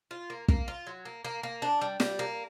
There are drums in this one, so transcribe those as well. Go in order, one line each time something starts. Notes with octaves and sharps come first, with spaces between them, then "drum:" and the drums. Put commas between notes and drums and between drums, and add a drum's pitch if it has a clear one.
F4
A#3
A#3, drum: kick
F4
F#3
A#3
A#3
A#3
D4
G3
G3, drum: snare
A#3